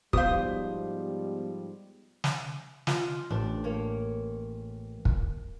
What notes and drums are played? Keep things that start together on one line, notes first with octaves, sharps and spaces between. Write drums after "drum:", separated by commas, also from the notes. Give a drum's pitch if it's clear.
G#2 F3 G3 B3 F#4 C5 F5 D#6, drum: kick
drum: snare
F4 D#5, drum: snare
A1 D4
A#3 C#5
drum: kick